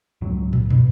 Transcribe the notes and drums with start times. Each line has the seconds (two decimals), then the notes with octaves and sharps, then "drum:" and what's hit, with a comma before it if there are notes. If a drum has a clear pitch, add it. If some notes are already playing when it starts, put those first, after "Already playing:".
0.21 C#2 G#2 F#3
0.53 drum: tom
0.70 B2, drum: tom